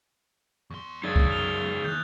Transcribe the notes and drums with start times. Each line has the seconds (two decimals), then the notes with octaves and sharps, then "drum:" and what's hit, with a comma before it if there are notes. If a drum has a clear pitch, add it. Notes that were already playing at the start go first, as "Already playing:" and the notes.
0.70 E2 C6 C#6
1.04 F#2 D#4 G#4 D5 D#6 G#6 A6
1.16 drum: kick C2
1.30 F6 F7 G7
1.84 D#2 E3 F#6 G6